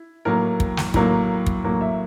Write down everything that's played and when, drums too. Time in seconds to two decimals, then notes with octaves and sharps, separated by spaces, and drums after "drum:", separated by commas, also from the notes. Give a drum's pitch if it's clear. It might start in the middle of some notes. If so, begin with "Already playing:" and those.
Already playing: E4
0.25 A2 F#3 A#3 A#4
0.60 drum: kick
0.77 drum: snare
0.94 A2 F#3 A#3, drum: kick
1.46 drum: kick
1.64 A2 F#3 A#3
1.81 E5